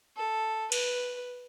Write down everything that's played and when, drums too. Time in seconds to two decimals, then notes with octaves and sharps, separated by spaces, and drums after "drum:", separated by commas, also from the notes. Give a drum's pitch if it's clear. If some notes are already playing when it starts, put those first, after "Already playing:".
0.17 A4
0.72 B4, drum: cymbal